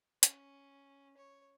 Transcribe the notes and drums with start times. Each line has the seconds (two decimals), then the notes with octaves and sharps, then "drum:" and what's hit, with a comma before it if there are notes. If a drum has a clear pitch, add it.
0.23 C#4, drum: hi-hat
1.17 C#5